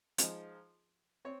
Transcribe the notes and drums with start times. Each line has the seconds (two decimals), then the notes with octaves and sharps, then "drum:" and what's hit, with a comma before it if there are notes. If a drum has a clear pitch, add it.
0.18 F3 G#3 D#4, drum: hi-hat
1.25 C4 C#5